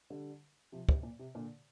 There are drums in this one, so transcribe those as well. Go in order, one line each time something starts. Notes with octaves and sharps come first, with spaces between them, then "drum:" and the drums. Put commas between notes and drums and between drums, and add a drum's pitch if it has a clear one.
D3 G3
C3 F3
C3, drum: kick
A#2
C3
A#2 D3